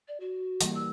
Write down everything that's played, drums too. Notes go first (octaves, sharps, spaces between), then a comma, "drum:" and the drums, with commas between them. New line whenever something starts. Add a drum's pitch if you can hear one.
D5
F#4
E3 G3 A#3, drum: hi-hat
E6